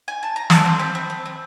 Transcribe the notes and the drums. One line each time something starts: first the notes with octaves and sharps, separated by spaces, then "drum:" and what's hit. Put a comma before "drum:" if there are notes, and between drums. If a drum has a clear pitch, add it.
G#5
A5
A#5
A4 B5, drum: snare
C4 C6
C4 B5
C4
C4
C4